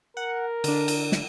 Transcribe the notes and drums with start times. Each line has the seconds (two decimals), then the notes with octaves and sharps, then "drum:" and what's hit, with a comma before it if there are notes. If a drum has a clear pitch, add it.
0.17 A#4 F#5
0.64 D3 D4, drum: cymbal
0.88 drum: cymbal
1.12 drum: snare